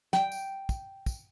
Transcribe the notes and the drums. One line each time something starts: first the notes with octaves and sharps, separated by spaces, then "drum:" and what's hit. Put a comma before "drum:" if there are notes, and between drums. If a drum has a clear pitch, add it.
G5, drum: snare
drum: tambourine
drum: kick, tambourine
drum: kick, tambourine